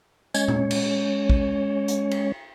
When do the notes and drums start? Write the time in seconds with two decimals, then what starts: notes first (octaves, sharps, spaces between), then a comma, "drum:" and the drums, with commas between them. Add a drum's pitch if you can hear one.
0.34 G#3 C#4 C#5, drum: tambourine
0.48 drum: tom A#2
0.71 drum: cymbal
1.30 drum: kick
1.88 drum: hi-hat
2.11 drum: cymbal